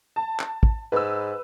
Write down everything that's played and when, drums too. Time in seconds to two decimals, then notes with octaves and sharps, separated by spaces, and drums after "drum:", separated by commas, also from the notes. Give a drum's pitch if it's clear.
0.16 A5
0.40 drum: clap
0.63 drum: kick
0.92 G#2 B4 E6